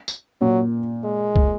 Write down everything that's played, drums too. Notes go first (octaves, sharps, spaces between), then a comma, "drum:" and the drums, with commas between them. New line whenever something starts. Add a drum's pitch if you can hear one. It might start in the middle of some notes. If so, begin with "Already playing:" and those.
drum: tambourine
A#2 F#3
G#3
drum: kick